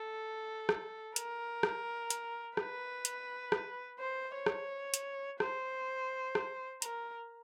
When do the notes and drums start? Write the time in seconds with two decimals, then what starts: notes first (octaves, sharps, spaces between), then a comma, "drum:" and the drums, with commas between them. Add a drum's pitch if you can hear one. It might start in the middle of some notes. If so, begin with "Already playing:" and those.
Already playing: A4
0.69 drum: rim click
1.16 A#4, drum: hi-hat
1.63 drum: rim click
2.10 drum: hi-hat
2.57 B4, drum: rim click
3.05 drum: hi-hat
3.52 drum: rim click
3.99 C5
4.35 C#5
4.46 drum: rim click
4.94 drum: hi-hat
5.40 C5, drum: rim click
6.35 drum: rim click
6.82 A#4, drum: hi-hat